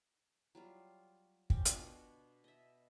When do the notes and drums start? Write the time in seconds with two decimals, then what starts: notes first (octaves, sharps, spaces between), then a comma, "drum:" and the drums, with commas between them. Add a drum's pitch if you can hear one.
0.55 F#3 G3 F4
1.50 C4 C#4 G4 G5, drum: kick
1.65 B2 D4 F4 D6, drum: hi-hat
1.80 F#4
2.44 D#5 E5